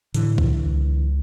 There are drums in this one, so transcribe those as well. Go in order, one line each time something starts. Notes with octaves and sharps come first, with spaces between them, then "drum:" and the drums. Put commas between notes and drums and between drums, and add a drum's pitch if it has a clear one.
A2 D3 E3, drum: hi-hat
drum: kick C2
C#2